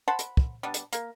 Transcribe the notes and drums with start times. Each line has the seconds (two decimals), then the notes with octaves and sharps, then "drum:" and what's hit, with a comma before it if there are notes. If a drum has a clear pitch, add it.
0.08 C5 F#5 A5 B5
0.19 drum: hi-hat
0.37 drum: kick
0.63 G3 B3 D4
0.74 drum: hi-hat
0.93 A#3, drum: hi-hat